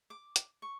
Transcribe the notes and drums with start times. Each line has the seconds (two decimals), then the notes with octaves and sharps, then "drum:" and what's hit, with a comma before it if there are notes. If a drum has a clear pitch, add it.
0.10 D6
0.36 drum: hi-hat
0.62 C#6